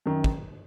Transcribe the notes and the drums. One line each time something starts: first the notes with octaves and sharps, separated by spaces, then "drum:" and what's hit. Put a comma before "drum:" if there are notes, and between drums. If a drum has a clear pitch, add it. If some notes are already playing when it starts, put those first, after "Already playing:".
F#2 D#3
drum: kick